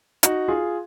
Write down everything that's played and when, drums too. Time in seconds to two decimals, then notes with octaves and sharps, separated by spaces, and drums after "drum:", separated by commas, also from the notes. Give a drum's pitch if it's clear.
0.23 D#4 F#4, drum: hi-hat
0.48 F4 G#4